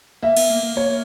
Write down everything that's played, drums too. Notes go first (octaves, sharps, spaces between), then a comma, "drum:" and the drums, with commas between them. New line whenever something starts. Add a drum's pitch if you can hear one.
A#3 E5
B3, drum: cymbal
A#3
A#3
A#3 C#5